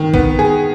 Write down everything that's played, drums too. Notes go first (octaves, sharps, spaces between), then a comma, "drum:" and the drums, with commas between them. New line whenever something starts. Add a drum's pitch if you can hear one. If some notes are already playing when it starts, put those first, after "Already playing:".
Already playing: D#3
B3, drum: kick
G#4